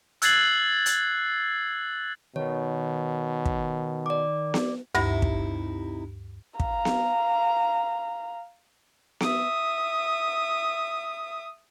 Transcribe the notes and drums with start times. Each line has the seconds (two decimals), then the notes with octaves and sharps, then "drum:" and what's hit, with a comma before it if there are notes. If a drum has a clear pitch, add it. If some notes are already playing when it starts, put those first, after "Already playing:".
0.22 E6 F#6 G#6 A6 C7 F#7, drum: hi-hat
0.86 drum: hi-hat
2.36 B2 D#3 C#5
3.46 drum: kick
4.06 D5 D6
4.54 drum: snare B3
4.95 D2 G2 C3 D#4 E4 A#6
5.22 drum: kick
6.60 F5 A#5, drum: kick
6.85 drum: snare B3
9.20 E5 D#6, drum: snare B3